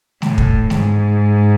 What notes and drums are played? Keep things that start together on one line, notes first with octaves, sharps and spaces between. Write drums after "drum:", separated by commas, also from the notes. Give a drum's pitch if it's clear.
A2, drum: snare A3
drum: kick
G#2, drum: snare A3